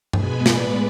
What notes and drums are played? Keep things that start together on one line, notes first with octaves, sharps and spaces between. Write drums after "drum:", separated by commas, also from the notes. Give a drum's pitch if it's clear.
B2 G#3 B3 G#5 B5, drum: tom G2
A2 G#3 B3 B4 D5, drum: snare